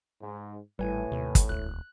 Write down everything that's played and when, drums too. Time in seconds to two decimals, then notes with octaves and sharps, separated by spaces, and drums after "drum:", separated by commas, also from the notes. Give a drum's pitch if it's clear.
0.20 G#2
0.79 G#1 A2 G3 B4 G#5
1.12 D#2 C3
1.35 drum: kick, hi-hat
1.49 E1 D2 F#6